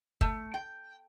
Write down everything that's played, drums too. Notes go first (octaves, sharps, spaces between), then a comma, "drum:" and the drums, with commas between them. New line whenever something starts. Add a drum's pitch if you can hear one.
A3, drum: kick
G5